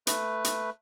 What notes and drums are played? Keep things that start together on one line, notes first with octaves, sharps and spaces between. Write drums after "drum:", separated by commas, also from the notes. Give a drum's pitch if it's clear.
A3 B4, drum: hi-hat
drum: hi-hat